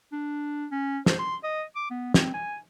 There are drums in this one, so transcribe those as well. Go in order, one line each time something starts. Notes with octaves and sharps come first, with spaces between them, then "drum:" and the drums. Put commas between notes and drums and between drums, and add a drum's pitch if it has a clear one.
D4
C#4
C5, drum: snare
C6
D#5
D6
B3
C4, drum: snare
G#5